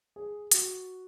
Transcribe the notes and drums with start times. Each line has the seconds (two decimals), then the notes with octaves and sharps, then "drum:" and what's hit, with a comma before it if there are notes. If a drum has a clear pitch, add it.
0.16 G#4
0.51 F#4, drum: hi-hat